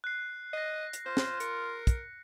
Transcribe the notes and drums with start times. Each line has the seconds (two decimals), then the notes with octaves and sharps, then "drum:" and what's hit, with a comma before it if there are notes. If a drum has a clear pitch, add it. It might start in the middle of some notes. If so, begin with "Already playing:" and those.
0.04 F#6 C7
0.53 D#5 A#6 C7
0.93 drum: hi-hat
1.06 F4 C5
1.17 drum: snare
1.40 A#4 C#7, drum: hi-hat
1.87 drum: kick, hi-hat